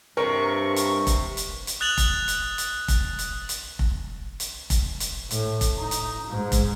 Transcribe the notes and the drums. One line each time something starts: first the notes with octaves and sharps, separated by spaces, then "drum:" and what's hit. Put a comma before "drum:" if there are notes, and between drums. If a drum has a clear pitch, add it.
G2 C3 A#4 C#6
drum: hi-hat
drum: kick F1, hi-hat
drum: hi-hat
drum: hi-hat
D#6 F#6 A6 F7 F#7
drum: kick F1, hi-hat
drum: hi-hat
drum: hi-hat
drum: kick F1, hi-hat
drum: hi-hat
drum: hi-hat
drum: kick F1
drum: hi-hat
drum: kick F1, hi-hat
drum: hi-hat
A2, drum: hi-hat
drum: kick F1, hi-hat
D#4
drum: hi-hat
G#2
drum: kick F1, hi-hat